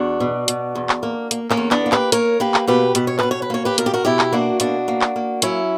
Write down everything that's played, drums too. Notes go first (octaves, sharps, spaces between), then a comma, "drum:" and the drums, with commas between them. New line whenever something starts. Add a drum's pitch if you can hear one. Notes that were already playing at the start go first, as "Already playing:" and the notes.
Already playing: E2 D4 F#4
B2
B2, drum: hi-hat
E2
drum: clap
A#3
A#3, drum: hi-hat
A#3 C#4, drum: clap
E2
B3 D4, drum: clap
A#3
G4 B4, drum: clap
A#3 A#4 C#5, drum: hi-hat
A#3 G4 B4
drum: clap
B2 G4 B4
B2 B4, drum: hi-hat
C#5
B2 B4, drum: clap
C#5
B4
A#3 C#5
G4 B4
B2 A#4, drum: hi-hat
G4
F#4 A#4
B2 E4 G4
drum: clap
A#3 D4 F#4
B2 D4 F#4, drum: hi-hat
A#3
drum: clap
A#3
F#3 C#4 E4, drum: hi-hat